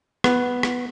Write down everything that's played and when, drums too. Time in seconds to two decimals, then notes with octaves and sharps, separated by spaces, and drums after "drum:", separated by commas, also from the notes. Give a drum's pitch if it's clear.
0.24 B3, drum: rim click
0.63 drum: rim click